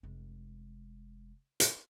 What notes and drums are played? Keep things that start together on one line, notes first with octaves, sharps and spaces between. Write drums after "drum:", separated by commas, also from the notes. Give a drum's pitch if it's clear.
F1 G#3
drum: hi-hat